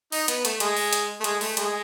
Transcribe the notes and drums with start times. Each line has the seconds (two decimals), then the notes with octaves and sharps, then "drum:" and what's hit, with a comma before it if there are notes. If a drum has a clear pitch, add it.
0.12 D#4, drum: open hi-hat
0.28 B3, drum: hi-hat
0.45 A3, drum: hi-hat
0.60 G#3, drum: hi-hat
0.77 drum: open hi-hat
0.93 drum: hi-hat
1.21 A3
1.24 G#3, drum: hi-hat
1.41 A3, drum: open hi-hat
1.57 G#3, drum: hi-hat